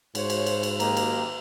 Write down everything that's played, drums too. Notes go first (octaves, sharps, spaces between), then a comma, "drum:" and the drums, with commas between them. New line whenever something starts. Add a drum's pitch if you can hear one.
G#2 C5 C#5, drum: cymbal
drum: cymbal
drum: cymbal
drum: cymbal
F#2 D#3 A#3 G4 A#5, drum: cymbal
drum: cymbal